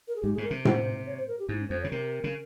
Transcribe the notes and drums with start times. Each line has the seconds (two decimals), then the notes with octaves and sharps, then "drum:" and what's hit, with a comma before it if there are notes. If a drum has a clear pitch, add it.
0.08 A#4
0.16 G#4
0.23 G#2 G4
0.34 G#4
0.38 G#2
0.44 A#4
0.51 C3
0.65 C5, drum: tom A2
1.07 C#5
1.17 C5
1.28 A#4
1.39 G4
1.49 G#2 E4
1.60 C#4
1.70 F2 C5
1.81 C#5
1.84 C#3
1.91 C3 A#4
2.24 C#3